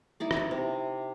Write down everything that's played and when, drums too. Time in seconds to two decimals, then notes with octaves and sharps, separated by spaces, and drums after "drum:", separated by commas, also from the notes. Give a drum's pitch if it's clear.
0.20 D#4 E4 D5
0.31 drum: rim click
0.51 C3